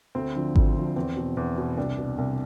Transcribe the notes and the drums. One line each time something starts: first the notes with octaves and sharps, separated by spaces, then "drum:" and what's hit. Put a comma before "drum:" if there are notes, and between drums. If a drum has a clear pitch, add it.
D2 C4
D3 F3
D2, drum: kick G#1
D3 F3
E2 C4
B2
E2
B2
C2 D4
B2
C2